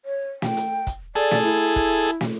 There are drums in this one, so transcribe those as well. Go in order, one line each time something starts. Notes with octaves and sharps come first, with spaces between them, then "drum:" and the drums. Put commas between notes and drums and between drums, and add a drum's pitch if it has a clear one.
C#5
G5, drum: snare
drum: hi-hat
drum: kick, hi-hat
G#4 A4 D5, drum: hi-hat
drum: snare
E4
drum: kick, hi-hat
drum: hi-hat
drum: snare